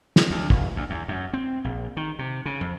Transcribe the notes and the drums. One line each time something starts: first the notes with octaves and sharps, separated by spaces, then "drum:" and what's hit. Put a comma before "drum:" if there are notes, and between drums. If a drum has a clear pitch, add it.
drum: snare
D2
F1, drum: kick
D2
E2
F#2
C4
A#1
D#3
C3
C#3
F2